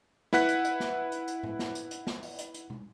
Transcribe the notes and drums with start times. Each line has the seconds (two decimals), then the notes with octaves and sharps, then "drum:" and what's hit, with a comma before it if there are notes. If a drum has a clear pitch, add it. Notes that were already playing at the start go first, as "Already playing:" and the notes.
0.33 E4 B4 F#5 F#6 B6, drum: snare
0.48 drum: hi-hat
0.64 drum: hi-hat
0.80 drum: snare
1.12 drum: hi-hat
1.28 drum: hi-hat
1.43 drum: tom A2
1.59 drum: snare
1.75 drum: hi-hat
1.91 drum: hi-hat
2.07 drum: snare
2.23 drum: open hi-hat
2.38 drum: hi-hat
2.54 drum: hi-hat
2.70 drum: tom B2